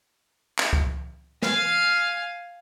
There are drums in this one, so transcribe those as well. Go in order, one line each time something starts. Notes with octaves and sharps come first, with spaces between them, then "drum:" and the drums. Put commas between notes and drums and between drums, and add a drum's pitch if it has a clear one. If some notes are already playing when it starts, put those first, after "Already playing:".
drum: clap
drum: kick C#2
F5 G#5, drum: snare